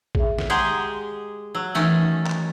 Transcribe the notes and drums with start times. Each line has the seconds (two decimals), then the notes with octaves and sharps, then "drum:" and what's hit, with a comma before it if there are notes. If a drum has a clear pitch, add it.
0.15 G#4 E5, drum: kick
0.39 drum: snare
0.50 G#3 G4 G#4 F#5 A#5 C6
1.55 F#3 E6
1.75 D#3 E3 A3 C#4
2.26 drum: clap